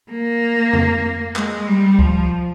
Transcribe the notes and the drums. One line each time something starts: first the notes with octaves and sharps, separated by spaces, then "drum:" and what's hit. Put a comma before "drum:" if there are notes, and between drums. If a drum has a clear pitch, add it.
A#3
drum: tom F2
G#3, drum: clap
G3
F3, drum: kick C#2